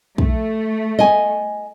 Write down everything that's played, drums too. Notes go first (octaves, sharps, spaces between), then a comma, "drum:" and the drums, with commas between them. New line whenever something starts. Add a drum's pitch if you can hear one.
A3, drum: kick
D#5 G#5